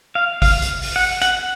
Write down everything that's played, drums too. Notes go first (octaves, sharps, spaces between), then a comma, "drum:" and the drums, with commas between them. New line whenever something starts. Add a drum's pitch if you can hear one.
F5
F5, drum: kick G#1, open hi-hat
drum: hi-hat
drum: open hi-hat
F#5
F#5, drum: hi-hat